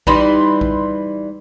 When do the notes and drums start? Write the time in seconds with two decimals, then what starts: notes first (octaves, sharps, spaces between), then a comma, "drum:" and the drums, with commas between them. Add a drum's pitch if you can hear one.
0.07 E3 G3 D#4 B5 C6, drum: kick A#1
0.61 drum: kick A#1